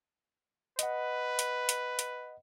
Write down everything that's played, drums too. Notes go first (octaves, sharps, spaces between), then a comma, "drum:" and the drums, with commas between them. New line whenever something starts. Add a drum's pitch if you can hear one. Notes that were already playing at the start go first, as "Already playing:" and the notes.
B4 D#5 F#5, drum: hi-hat
drum: hi-hat
drum: hi-hat
drum: hi-hat